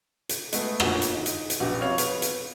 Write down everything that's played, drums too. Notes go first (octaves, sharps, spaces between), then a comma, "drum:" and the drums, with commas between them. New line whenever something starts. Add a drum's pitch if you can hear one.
drum: hi-hat
G#3 A3 B3, drum: hi-hat
G1 A#2 F#4 G#4, drum: rim click
drum: hi-hat
D#4
drum: hi-hat
drum: hi-hat
A#1 F#2 B3 F#4 G4
F2 C#5 F5 F7
B3, drum: hi-hat
drum: hi-hat